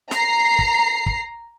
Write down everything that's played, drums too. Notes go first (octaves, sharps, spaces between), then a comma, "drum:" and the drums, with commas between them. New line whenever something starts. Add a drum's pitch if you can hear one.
A#5 C7, drum: snare
drum: kick
drum: kick